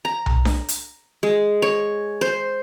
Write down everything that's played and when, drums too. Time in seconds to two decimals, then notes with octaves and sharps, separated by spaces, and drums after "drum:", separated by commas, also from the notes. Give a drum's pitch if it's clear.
0.05 A#5
0.26 drum: tom B1
0.45 drum: snare D4
0.69 drum: hi-hat
1.23 G#3
1.62 C#5
2.21 C5